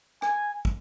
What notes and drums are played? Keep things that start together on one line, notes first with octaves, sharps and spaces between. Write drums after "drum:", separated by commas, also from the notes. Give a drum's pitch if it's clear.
G#5, drum: rim click
drum: kick